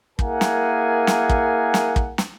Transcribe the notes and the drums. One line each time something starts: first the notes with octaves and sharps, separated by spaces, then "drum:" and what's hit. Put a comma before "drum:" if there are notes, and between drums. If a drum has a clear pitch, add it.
A#3 E4 G#4 A#4 F#5 G#5, drum: kick
drum: snare
drum: snare
drum: kick
drum: snare
drum: kick
drum: snare